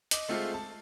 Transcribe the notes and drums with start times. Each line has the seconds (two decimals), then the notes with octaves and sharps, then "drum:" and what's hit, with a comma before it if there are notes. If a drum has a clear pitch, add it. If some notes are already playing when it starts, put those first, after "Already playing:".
0.11 D#5 D6, drum: hi-hat
0.29 G#3 A3 C4 F4 A4
0.54 A5